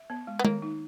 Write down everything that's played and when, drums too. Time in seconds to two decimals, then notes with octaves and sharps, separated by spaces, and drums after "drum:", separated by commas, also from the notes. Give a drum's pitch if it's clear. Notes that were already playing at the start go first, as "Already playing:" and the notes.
Already playing: E5
0.10 B3
0.27 G#3
0.39 B3
0.45 D#3 A#3, drum: tom G#3
0.62 D#4